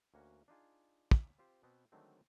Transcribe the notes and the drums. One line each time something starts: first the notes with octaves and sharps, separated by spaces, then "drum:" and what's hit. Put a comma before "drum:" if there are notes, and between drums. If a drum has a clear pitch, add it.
D2 A#3 C#4 F#4
D4 D#4 F4 G#4
drum: kick
C4 F4 G4 C5
B2 B3 C4
D3 D#3 F#3 G#3 A3 C4